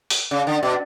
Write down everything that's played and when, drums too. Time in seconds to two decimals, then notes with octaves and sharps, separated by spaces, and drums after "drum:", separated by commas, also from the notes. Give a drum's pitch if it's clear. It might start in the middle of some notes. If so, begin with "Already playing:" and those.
0.10 drum: open hi-hat
0.31 C#3
0.47 D3
0.63 B2